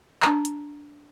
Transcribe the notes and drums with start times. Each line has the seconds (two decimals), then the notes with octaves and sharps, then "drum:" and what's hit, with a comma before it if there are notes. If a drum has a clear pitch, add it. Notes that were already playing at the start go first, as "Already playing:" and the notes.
0.22 D4 A#5, drum: clap
0.45 drum: hi-hat